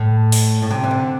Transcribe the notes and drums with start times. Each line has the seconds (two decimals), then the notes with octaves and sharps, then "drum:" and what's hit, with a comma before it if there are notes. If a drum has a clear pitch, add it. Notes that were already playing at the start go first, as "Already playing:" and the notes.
Already playing: A2
0.32 drum: open hi-hat
0.62 A2
0.71 C3
0.84 E3
0.91 D3